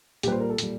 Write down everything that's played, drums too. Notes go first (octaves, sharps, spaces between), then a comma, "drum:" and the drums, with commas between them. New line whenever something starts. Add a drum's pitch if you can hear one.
A#2 G3 G4 B4, drum: hi-hat
C5
A#4
A4
A#2 G3, drum: hi-hat